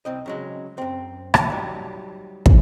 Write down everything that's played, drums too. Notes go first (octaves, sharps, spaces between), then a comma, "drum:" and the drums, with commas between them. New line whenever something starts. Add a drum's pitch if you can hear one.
C2 C4 D#5
C#3 F#3 G#3
F#2 C4
drum: rim click
F#3 G3 D#4
drum: kick